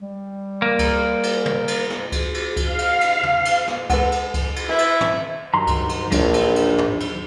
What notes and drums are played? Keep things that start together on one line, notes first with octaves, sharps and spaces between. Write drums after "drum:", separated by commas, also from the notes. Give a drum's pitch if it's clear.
G3
A#3
drum: kick C#2, cymbal
drum: cymbal
drum: tom
drum: cymbal
drum: snare
drum: kick C#2, cymbal
drum: cymbal
drum: kick C#2, cymbal
F5
drum: cymbal
drum: cymbal
drum: tom
drum: cymbal
drum: snare
G#3 A4 B4 F#5, drum: kick C#2, cymbal
drum: cymbal
drum: kick C#2, cymbal
drum: cymbal
E4 B4 E5
drum: cymbal
drum: tom
G2 D#3 F#3 A#5 C6
drum: kick C#2, cymbal
drum: cymbal
A#1 D#2 F#3 D4 C#5, drum: kick C#2, cymbal
drum: cymbal
drum: cymbal
drum: tom
drum: cymbal